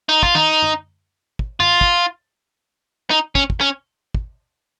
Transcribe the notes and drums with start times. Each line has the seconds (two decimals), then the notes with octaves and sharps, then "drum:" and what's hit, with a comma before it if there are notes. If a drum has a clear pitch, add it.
0.09 D#4
0.23 F4, drum: kick
0.35 D#4, drum: tom D#3
0.63 drum: tom F#2
1.39 drum: kick
1.60 F4, drum: tom F#2
1.81 drum: kick
3.10 D#4
3.35 C#4, drum: kick
3.50 drum: kick
3.61 C#4
4.15 drum: kick